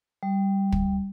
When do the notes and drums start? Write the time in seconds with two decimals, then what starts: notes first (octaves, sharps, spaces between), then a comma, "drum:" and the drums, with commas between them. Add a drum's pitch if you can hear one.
0.23 G3
0.73 drum: kick